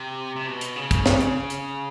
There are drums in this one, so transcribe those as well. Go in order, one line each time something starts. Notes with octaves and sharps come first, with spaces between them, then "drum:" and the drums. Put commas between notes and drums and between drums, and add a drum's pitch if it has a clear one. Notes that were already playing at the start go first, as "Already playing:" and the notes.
Already playing: C3
C3
B2
drum: hi-hat
C#3
drum: kick, hi-hat
drum: snare
drum: hi-hat
drum: hi-hat